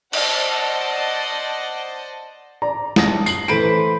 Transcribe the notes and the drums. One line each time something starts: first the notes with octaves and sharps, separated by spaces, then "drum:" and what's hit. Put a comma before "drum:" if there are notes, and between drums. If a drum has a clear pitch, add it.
C5 D5 D#5 F#5 A5, drum: cymbal
D5 A#5
A5 D#6 A#6, drum: snare
C7 F#7, drum: tambourine
E3 A3 B4 C5 D7